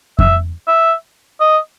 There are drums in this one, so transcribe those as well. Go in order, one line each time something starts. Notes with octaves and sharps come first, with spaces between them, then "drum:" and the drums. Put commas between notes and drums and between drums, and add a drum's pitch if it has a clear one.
E5, drum: kick F2
E5
D#5